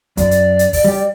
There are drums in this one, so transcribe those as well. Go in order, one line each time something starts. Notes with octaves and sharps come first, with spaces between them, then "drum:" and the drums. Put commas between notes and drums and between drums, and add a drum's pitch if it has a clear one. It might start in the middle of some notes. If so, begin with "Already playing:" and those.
F#2 D5, drum: kick, hi-hat
drum: hi-hat
drum: hi-hat
drum: kick, open hi-hat
G3 G4